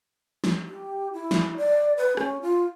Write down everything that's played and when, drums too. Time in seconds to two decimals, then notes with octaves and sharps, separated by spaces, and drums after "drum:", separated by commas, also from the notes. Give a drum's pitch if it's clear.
0.44 drum: snare
0.66 G4
1.13 E4
1.31 drum: snare
1.57 D5
1.97 B4
2.17 C#4, drum: rim click
2.42 F4